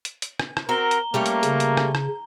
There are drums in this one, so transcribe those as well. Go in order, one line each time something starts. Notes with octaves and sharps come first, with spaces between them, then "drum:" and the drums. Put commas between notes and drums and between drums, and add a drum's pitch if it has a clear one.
drum: hi-hat
drum: hi-hat
drum: rim click
drum: rim click
C4 F#4 A#4 A#5 G7
drum: hi-hat
G3 A3 A#3 C#4
drum: hi-hat
C#3, drum: hi-hat
drum: hi-hat
drum: rim click
drum: rim click